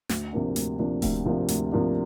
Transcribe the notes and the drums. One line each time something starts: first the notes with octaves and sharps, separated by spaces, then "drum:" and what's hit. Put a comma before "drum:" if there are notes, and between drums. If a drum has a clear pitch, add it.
D2, drum: snare
C3 F3 A#3 D4
D2, drum: hi-hat
C3 F3 A#3 D4
D2, drum: kick D#1, open hi-hat
C3 F3 A#3 D4
D2, drum: hi-hat
C3 F3 A#3 D4